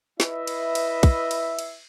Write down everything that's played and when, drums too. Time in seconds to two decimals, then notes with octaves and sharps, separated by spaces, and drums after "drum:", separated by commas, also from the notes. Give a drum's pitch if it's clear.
0.20 E4 B4 D#5 E5, drum: snare
0.47 drum: cymbal
0.75 drum: cymbal
1.03 drum: kick, cymbal
1.31 drum: cymbal
1.59 drum: cymbal